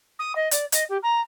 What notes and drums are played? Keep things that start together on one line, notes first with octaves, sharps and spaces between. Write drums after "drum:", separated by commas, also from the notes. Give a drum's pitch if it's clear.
D#6
D#5
D5, drum: hi-hat
D#5, drum: hi-hat
G4
A#5